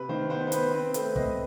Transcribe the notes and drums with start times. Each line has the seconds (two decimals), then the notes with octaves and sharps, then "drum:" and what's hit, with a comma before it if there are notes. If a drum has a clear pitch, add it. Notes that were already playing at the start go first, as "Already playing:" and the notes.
Already playing: C3 B4
0.09 D#3 C5
0.30 B3 C5
0.41 B4
0.47 C5
0.52 B3 B4, drum: hi-hat
0.62 C5
0.73 C4 B4
0.94 A3 C5, drum: hi-hat
1.16 C4 B4 D#5, drum: kick